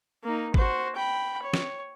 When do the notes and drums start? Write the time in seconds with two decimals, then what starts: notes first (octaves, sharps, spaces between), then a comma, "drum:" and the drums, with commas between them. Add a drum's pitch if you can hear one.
0.24 A#3 D#4
0.54 F#4 C5, drum: kick
0.96 G5 B5
1.43 C#5
1.53 drum: snare